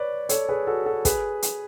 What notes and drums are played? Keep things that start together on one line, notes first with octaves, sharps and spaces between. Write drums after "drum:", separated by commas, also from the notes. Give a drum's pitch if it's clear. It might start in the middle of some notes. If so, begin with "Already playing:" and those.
Already playing: B4 C#5 D5
A4 C#5, drum: hi-hat
G#4 B4
F#4 A4
F#4 A4
G#4 B4, drum: kick, hi-hat
drum: hi-hat